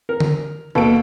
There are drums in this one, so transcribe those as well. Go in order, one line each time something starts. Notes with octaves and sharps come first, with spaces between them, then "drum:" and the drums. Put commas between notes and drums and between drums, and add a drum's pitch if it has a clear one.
A#4
drum: tom D3
D#2 B2 A4 D7